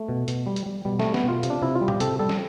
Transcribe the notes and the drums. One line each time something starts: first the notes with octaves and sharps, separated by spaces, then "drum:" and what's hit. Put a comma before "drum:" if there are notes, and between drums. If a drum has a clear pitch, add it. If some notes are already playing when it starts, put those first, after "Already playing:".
Already playing: A3
B2
B2, drum: hi-hat
G3
drum: hi-hat
G3
B2 G3
G3 A3, drum: snare
B3, drum: snare
B2
F4
C3, drum: hi-hat
D4
C3 E4
F4
G3
G4, drum: tom
C3 A4, drum: hi-hat
G3 A4
drum: snare